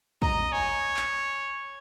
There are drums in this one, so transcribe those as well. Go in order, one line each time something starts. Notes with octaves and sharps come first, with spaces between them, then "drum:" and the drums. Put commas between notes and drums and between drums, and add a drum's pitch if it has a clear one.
D#5 A#5, drum: kick
C#5 G#5
drum: clap